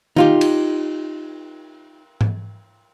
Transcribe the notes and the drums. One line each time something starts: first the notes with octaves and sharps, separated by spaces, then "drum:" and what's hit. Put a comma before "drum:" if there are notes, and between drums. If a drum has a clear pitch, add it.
D#4 F4 G4, drum: tom
drum: cymbal
drum: tom G#2